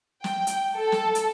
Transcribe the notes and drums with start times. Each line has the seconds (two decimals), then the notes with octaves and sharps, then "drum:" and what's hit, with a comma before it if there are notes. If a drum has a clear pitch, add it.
0.24 G5, drum: snare
0.47 drum: hi-hat
0.76 A4
0.92 drum: snare
1.15 drum: hi-hat